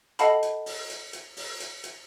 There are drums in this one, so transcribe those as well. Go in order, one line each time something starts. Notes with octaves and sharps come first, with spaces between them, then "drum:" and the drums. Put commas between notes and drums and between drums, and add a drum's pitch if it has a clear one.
A4 D#5 F5 F#5 A5 B5, drum: hi-hat
drum: hi-hat
drum: open hi-hat
drum: hi-hat
drum: hi-hat
drum: open hi-hat
drum: hi-hat
drum: hi-hat